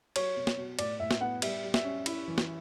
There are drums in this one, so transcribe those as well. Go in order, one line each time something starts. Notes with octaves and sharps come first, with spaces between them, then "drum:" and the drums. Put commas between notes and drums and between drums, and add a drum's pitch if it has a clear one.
F#3 C#5, drum: cymbal
B2
drum: snare
B2
A2 D5, drum: cymbal
A2 E5
drum: snare
B3 F#5
G3 E5, drum: cymbal
G3
E5, drum: snare
C#4
E4, drum: cymbal
E3
drum: snare